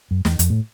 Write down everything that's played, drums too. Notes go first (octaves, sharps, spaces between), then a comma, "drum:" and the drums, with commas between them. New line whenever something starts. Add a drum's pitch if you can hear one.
F#2
E2, drum: snare
F2, drum: hi-hat
A2